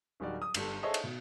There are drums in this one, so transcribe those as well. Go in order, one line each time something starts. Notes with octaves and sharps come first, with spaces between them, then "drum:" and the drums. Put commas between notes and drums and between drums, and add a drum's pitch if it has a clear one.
D1 G3 D#4 F#4 D5
D#6
G1 G3 A4, drum: cymbal
G#4 A4 C5 C#5 D#5 E5
drum: cymbal
B2